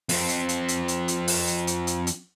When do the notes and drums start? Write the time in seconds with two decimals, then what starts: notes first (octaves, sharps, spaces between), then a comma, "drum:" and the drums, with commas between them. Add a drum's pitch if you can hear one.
0.09 F2 C4, drum: open hi-hat
0.29 drum: hi-hat
0.49 drum: hi-hat
0.68 drum: hi-hat
0.88 drum: hi-hat
1.08 drum: hi-hat
1.28 drum: open hi-hat
1.47 drum: hi-hat
1.67 drum: hi-hat
1.87 drum: hi-hat
2.07 drum: hi-hat